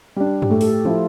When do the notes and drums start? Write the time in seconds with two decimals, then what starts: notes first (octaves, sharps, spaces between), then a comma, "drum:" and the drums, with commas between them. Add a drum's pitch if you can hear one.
0.16 G3 D4
0.42 G4, drum: tom G2
0.50 A2 A4
0.61 A4, drum: open hi-hat
0.67 G4
0.85 F3 A3 E4 F4